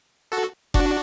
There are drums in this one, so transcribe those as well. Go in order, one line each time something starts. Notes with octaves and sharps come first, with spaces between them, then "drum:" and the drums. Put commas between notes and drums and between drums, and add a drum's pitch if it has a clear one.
F#4 A4
D4 F#4, drum: kick F1